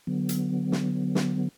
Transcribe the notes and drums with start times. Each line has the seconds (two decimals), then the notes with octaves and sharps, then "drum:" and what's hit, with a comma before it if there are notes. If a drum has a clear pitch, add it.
0.07 D3 F#3 B3
0.29 drum: hi-hat
0.72 drum: snare
1.15 drum: snare